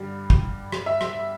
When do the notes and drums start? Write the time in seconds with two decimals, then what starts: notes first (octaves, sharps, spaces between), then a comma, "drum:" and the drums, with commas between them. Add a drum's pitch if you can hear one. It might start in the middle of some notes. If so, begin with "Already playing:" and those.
Already playing: G2 D3 G3
0.30 drum: kick
0.72 drum: rim click
0.86 E5
1.01 drum: rim click